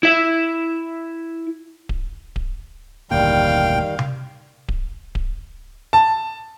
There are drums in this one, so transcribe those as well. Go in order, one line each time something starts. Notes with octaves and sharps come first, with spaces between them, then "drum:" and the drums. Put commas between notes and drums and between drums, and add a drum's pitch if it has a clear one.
E4 E5
drum: kick D1
drum: kick D1
F1 D2 A#2 D#3 G3 F5 G5
drum: tom C3
drum: kick D1
drum: kick D1
A5